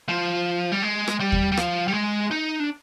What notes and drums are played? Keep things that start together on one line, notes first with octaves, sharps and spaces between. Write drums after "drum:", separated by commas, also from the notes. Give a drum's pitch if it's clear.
F3
G3
G#3
drum: rim click
G3
drum: kick D#2
G3
F3, drum: rim click
G3
G#3
D#4
D4